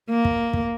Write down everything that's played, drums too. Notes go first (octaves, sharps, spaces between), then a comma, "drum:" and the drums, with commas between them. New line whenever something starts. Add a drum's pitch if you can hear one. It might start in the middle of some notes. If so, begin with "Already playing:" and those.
A#3
drum: kick
drum: kick